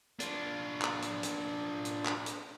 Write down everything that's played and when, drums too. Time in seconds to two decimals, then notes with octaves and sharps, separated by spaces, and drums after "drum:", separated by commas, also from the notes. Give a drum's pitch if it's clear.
0.20 D4 F4, drum: hi-hat
0.82 drum: clap
1.02 drum: hi-hat
1.23 drum: hi-hat
1.85 drum: hi-hat
2.05 drum: clap
2.26 drum: hi-hat